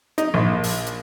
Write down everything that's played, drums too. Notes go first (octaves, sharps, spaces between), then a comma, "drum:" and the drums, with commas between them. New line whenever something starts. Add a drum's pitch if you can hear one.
D#4, drum: hi-hat
A#1
drum: open hi-hat
drum: hi-hat